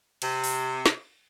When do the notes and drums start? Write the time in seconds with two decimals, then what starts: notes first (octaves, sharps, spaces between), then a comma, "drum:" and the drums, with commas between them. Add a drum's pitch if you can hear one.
0.22 C3, drum: cymbal
0.44 drum: open hi-hat
0.86 drum: snare